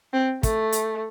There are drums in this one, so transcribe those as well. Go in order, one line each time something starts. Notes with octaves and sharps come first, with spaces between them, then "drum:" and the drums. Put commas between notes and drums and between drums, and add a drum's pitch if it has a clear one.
C4
A3, drum: kick, hi-hat
drum: hi-hat